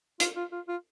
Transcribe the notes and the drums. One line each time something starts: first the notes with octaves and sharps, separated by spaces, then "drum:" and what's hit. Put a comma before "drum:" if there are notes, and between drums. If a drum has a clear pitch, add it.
F4, drum: hi-hat
F4
F4
F4